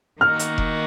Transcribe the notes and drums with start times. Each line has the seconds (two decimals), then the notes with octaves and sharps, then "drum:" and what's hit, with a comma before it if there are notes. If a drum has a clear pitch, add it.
0.21 D#3 A#3 D#4 F#4 F6
0.39 drum: hi-hat
0.58 drum: kick F1